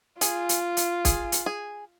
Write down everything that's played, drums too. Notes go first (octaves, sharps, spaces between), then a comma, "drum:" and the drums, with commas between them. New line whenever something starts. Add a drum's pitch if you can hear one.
F4 G#4, drum: hi-hat
drum: hi-hat
drum: hi-hat
G#4, drum: kick, hi-hat
drum: hi-hat
G#4